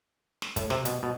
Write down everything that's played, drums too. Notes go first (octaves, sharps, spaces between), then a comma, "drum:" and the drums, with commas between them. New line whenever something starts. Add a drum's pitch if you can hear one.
drum: snare
A2, drum: kick, hi-hat
C3, drum: snare
B2, drum: hi-hat
B2